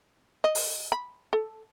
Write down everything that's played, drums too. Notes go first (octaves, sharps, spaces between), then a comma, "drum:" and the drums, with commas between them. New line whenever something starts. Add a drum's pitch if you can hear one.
D#5
drum: open hi-hat
B5
A4